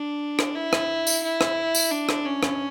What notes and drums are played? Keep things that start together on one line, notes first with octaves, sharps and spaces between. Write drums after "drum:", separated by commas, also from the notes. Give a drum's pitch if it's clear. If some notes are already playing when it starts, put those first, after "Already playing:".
Already playing: D4
drum: rim click
E4
drum: rim click
drum: tambourine
E4
drum: rim click
drum: tambourine
D4
drum: rim click
C#4
drum: rim click